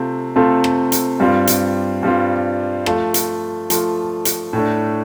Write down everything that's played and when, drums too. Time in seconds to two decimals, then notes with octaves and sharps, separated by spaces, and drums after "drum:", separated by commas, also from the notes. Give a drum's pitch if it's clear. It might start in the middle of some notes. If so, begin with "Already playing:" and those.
Already playing: C3 A3 C4 F4
0.36 C3 A3 C4 F4 A4
0.64 drum: rim click
0.92 drum: hi-hat
1.20 G2 G3 C4 F4
1.47 drum: hi-hat
2.03 G2 G3 C4 F4
2.86 F3 A3 F4, drum: rim click
3.14 drum: hi-hat
3.70 F3 A3 F4, drum: hi-hat
4.25 drum: hi-hat
4.53 A2 A3 D4